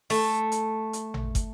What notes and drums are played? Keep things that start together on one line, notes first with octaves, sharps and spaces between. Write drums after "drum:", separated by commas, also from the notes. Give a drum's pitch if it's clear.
A3, drum: open hi-hat
drum: hi-hat
drum: hi-hat
drum: tom A1
drum: kick, hi-hat